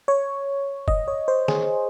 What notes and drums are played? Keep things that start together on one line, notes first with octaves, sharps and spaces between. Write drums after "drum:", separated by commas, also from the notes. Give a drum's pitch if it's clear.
C#5
D#5, drum: kick F1
C#5
C5
G#4, drum: snare